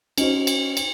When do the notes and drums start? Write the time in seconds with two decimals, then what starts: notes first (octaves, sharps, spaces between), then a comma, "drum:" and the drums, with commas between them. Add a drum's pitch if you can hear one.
0.18 C#4 D#4 F#4 C5, drum: cymbal
0.47 drum: cymbal
0.77 drum: cymbal